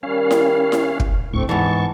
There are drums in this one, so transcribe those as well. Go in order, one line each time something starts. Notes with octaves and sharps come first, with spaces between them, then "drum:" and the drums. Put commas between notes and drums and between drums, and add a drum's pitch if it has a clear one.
D#3 G3 C#4 F5
drum: snare E4
drum: snare E4
drum: kick
D2 A2 A3 C4 C#6
G#2 E3 B3 A5 C#6